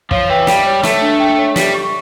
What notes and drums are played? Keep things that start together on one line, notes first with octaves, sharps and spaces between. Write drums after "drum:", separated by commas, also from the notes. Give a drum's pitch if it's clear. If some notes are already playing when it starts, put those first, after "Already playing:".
F3 C#5, drum: kick
E3 G5
G3 G5, drum: snare
C#5
A3 E5, drum: snare
D4
G5
C#5
G3 G4, drum: snare
C#6